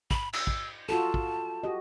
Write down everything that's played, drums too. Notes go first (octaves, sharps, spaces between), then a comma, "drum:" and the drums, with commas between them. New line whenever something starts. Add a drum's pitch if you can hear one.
B5, drum: kick
E6, drum: cymbal
drum: kick
F4 F#4 A4 A5
drum: kick
F#4 G4 D#5